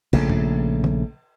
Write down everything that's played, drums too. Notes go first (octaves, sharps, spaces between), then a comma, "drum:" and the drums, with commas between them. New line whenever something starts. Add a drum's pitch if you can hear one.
A#1 C#3 A3, drum: cymbal
drum: tom
drum: tom D#3